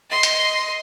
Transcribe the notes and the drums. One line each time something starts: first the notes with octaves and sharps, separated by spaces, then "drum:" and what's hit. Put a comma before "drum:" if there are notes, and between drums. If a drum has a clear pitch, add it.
D#5 C6
drum: hi-hat